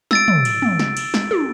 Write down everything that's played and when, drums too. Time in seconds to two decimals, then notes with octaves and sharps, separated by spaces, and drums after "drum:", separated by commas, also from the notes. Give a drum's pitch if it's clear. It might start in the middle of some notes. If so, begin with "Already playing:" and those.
0.11 E6 A6 D7, drum: snare
0.28 drum: tom
0.45 drum: cymbal
0.62 drum: tom
0.79 drum: snare
0.97 drum: cymbal
1.14 drum: snare
1.31 drum: tom